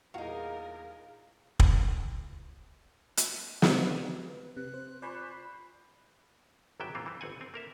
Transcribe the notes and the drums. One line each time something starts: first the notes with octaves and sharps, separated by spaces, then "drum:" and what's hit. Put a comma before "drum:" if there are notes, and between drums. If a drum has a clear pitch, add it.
E2 A#2 G3 D#4 F#4 G#4 A#4 F5
C#2, drum: kick
drum: hi-hat
drum: snare
F#4
B4
C3 B4 F#6
C5
F4 C5 D5 G#5 B5 C#6
G#1 F#2 F#3 G3 E5 G5
A#2 E3 A#3 C4 F4
E3 C4
G1 C4 F#5 G#5
C4
A#3 A#4 E5